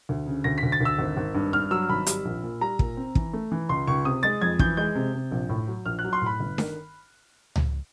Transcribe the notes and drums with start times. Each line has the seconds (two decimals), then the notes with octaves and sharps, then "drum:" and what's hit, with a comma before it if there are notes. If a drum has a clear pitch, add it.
0.09 D2
0.26 C#3
0.44 D2 A#6
0.58 B6
0.63 D2
0.72 A6
0.81 D2 E6
0.98 G#1
1.17 G#1
1.34 G2
1.53 G2 F6
1.71 F#3 E6
1.89 G#1 B5
2.07 G3, drum: hi-hat
2.25 A#1
2.43 A#2
2.61 G3 A#5
2.79 A#2, drum: kick
2.97 C4
3.15 E3, drum: kick
3.33 A3
3.52 E3
3.69 C#2 C6
3.87 C#2 C#6
4.05 C3 D#6
4.23 G#3 A6
4.41 F2 G#6
4.59 E3 G6, drum: kick
4.77 G#3 G6
4.95 C3
5.14 C3
5.31 A#1
5.49 A2
5.68 F#3
5.86 A#1 F6
5.99 F#6
6.04 F#3
6.13 C6
6.21 A2 B5
6.40 G1
6.58 D#3, drum: snare D4
7.56 drum: tom C#2